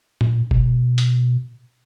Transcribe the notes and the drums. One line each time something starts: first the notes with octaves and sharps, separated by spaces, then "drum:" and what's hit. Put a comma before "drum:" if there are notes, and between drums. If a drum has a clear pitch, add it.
A#2, drum: tom A2
B2, drum: kick F1
drum: hi-hat